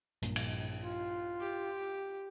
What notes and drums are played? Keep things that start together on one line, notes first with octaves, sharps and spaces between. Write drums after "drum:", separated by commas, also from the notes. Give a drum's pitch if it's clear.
A#1 G2 A#2, drum: hi-hat
drum: cymbal
F4
G4